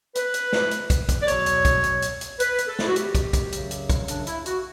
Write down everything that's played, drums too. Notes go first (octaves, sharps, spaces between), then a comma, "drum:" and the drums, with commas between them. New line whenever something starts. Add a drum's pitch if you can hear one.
B4, drum: hi-hat
drum: hi-hat
drum: snare
drum: hi-hat
drum: kick, hi-hat
drum: kick, hi-hat
D5
E2 B2 F#3 C#5, drum: hi-hat
drum: hi-hat
drum: kick, hi-hat
drum: hi-hat
drum: hi-hat
drum: hi-hat
B4, drum: hi-hat
drum: hi-hat
A4
E4, drum: snare
F#4
G4, drum: hi-hat
drum: kick, hi-hat
drum: kick, hi-hat
F#2 C#3 F#3, drum: hi-hat
drum: hi-hat
drum: kick, hi-hat
D4, drum: hi-hat
E4, drum: hi-hat
F#4, drum: hi-hat